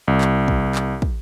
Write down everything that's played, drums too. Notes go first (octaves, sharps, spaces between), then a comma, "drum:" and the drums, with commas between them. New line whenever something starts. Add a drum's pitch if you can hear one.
C2
drum: clap
drum: kick
drum: clap
drum: kick